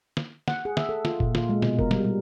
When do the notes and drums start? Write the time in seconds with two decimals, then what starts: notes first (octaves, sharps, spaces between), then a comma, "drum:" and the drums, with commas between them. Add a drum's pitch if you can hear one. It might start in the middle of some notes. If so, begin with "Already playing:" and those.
0.17 drum: snare
0.48 F#5, drum: snare
0.65 G#4
0.77 E5, drum: snare
0.89 A4
1.05 F4, drum: snare
1.20 A#2, drum: kick F1
1.35 F4, drum: snare
1.49 G#3
1.62 B2, drum: snare
1.79 A#4, drum: kick F1
1.91 G3, drum: snare
2.04 G3